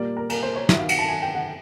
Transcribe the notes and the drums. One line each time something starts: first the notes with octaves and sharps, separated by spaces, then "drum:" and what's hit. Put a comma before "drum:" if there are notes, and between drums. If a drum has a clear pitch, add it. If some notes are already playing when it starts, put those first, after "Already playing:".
Already playing: A#2 G3 A#3 D5
A#4
A#4, drum: cymbal
C5
C#5
G2 D#3 F#3 E5, drum: snare
F5
F#5, drum: cymbal
A5
G#5
G5
F#5